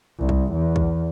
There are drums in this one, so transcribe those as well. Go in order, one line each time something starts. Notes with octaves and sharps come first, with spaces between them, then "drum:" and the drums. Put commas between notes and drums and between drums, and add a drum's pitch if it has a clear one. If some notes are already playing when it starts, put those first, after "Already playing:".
C2
drum: kick
E2
drum: kick